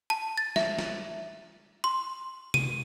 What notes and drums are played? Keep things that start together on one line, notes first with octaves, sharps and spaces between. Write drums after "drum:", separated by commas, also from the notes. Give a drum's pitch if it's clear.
A5
A6
E5, drum: snare
drum: snare
C6
D#7, drum: tom C3